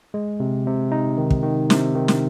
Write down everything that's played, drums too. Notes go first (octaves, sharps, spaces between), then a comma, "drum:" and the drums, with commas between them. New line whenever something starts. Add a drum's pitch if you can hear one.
G#3
C3
C3
D#4
D#3
drum: kick
D#3
C3, drum: snare
D#3
drum: snare